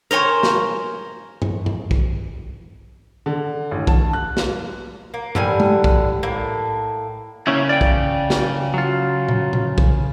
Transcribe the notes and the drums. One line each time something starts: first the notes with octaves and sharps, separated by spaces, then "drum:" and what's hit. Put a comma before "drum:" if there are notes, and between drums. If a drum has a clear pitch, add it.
A#4 C5 C#5 G#5
drum: snare
drum: tom G2
drum: tom G2
drum: kick
D3
A1
A5, drum: kick
F#6
drum: snare
A#3
A2 D3 G3 G#5, drum: tom G2
drum: tom G#3
drum: kick
A2 A#3
C#3 A#3 C#4 E4
D5 G5
drum: kick
drum: snare
F#3 F4
drum: tom A#2
drum: tom A#2
drum: kick